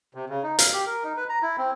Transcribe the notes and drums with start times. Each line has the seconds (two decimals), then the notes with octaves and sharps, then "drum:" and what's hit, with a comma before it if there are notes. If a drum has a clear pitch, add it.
0.15 C3
0.29 C#3
0.43 D#4
0.59 F5, drum: hi-hat
0.73 G4
0.86 A#4
1.04 D#4
1.17 B4
1.29 A#5
1.42 E4
1.58 C4